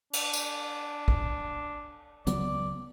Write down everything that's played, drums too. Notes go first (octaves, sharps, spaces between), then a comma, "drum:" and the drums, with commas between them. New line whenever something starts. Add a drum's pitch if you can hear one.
D4, drum: cymbal
drum: tambourine
drum: kick
C#2 F#3 B3 D5, drum: hi-hat